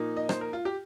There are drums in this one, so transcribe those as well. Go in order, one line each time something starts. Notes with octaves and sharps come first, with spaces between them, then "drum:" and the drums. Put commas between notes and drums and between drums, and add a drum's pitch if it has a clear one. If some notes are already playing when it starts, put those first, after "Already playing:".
Already playing: A#2 F3 A#3 D#4
D#5
C5, drum: rim click
A#4
F4
G4